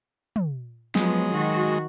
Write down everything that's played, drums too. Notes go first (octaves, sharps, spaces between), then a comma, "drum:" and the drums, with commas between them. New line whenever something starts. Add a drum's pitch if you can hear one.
drum: tom
F3 F#3 G#3 B3, drum: snare
D#3 F#4